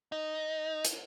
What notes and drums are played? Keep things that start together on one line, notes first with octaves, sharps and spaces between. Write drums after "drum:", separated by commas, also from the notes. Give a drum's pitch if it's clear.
D#4
drum: hi-hat